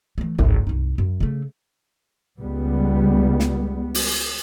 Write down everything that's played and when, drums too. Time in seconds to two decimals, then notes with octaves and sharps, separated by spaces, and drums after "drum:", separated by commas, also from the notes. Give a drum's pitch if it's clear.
0.18 E3 A3
0.39 G#1 C#2, drum: tom
0.67 C2 D#4
0.98 F#2
1.20 C#3 A3
2.40 C#2 G3 B3
3.40 drum: snare
3.94 drum: open hi-hat